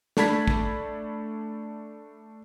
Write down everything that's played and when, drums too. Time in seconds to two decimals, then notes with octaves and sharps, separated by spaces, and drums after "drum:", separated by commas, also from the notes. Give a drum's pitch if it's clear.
0.17 A3 D4 A5 B5 G#6 B6, drum: snare
0.48 drum: kick